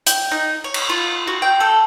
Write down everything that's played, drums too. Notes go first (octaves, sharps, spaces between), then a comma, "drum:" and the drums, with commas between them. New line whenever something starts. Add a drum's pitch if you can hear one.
G5, drum: hi-hat
D#4
C#5
drum: cymbal
F4
F#4
G5
A4